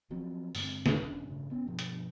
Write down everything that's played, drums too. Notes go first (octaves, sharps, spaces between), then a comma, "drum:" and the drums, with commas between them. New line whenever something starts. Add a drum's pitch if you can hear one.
D#3 F3 F#3 C4
G2 D3 G#3 C4, drum: open hi-hat
drum: snare
E1 D#3 C#4 D4
A1 G2 C#3
B3 C#4
G2 B2 F3
drum: hi-hat